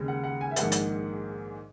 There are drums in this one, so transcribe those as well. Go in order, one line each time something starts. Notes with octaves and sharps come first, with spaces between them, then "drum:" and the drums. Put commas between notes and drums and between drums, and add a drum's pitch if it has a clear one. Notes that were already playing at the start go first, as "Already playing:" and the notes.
Already playing: D#2 C#3 G#3
F#5
F#5
G#5
E5
A#1 G#2 D#3 G#3 F#5, drum: hi-hat
drum: hi-hat